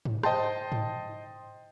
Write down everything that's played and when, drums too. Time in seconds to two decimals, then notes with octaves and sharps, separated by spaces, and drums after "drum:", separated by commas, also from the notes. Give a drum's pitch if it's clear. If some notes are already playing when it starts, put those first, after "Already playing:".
0.05 drum: tom G#2
0.23 C5 D#5 G5 A5 C6, drum: rim click
0.72 drum: tom G#2